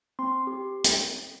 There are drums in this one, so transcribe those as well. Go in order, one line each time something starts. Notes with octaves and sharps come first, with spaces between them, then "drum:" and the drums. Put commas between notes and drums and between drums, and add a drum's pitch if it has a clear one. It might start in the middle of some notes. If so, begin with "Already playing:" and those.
C4 C6
G4
drum: hi-hat